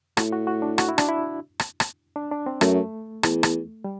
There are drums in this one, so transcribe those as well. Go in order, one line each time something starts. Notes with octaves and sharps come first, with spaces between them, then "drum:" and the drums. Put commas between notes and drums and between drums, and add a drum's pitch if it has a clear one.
A2 F#4, drum: rim click
F#4
F#4
D4
F#4, drum: rim click
E4
D4, drum: rim click
E4
drum: rim click
drum: rim click
D4
D4
C4
F#2 A3, drum: rim click
E2, drum: rim click
drum: rim click
G3